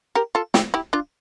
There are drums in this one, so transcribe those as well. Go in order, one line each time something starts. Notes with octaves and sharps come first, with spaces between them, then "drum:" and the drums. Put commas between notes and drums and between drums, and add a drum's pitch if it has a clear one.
G4 A#4
F4 A4
E4 G4, drum: snare
E4 G4
D4 F4